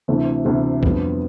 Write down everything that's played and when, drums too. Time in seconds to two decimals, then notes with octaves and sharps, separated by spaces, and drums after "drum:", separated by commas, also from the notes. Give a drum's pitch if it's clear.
0.08 D2 C3 E3 A3
0.45 D2 C3 E3 A3
0.83 F2 D3 G3 B3, drum: kick C2